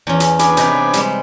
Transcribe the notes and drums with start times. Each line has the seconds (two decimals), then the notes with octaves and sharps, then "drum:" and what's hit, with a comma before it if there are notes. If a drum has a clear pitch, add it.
0.07 E2 C#4
0.20 drum: hi-hat
0.39 B3 D4 G#4, drum: hi-hat
0.57 C3 D#4 B4, drum: hi-hat
0.93 G3 G#3, drum: hi-hat